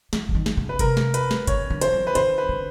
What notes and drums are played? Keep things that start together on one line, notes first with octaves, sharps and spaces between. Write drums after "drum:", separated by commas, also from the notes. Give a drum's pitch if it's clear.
E3, drum: snare
E3, drum: kick G1
D#3
drum: snare
C#3
B4
C3 A#4, drum: kick G1, hi-hat
drum: snare
B4, drum: hi-hat
drum: snare
C#3 C#5, drum: kick G1, hi-hat
D3
C5, drum: hi-hat
F3
B4
D#3 C5, drum: hi-hat
B4
D3